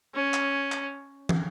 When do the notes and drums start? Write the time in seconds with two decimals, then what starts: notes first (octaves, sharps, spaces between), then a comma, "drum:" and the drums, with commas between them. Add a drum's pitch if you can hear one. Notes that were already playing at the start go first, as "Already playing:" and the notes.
0.14 C#4
0.34 drum: clap
0.72 drum: clap
1.29 drum: tom